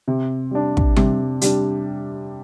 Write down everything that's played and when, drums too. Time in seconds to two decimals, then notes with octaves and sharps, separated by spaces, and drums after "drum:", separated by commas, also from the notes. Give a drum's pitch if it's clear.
0.08 C3
0.51 G3 D4
0.77 drum: kick
0.96 C3, drum: tom G3
1.41 G3 D4, drum: hi-hat